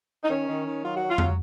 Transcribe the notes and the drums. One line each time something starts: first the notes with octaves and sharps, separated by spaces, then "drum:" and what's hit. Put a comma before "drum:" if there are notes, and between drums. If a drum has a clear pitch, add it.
D#4
D#3 C#4
D#3
D#3
F#3 F4
F#4
F#3
F4
F#3, drum: tom F2